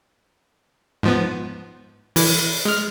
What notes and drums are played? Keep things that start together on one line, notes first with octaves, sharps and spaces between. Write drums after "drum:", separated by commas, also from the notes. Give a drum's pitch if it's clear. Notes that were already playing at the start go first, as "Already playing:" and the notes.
G#2 F3 B3
E3, drum: open hi-hat
G#3 F6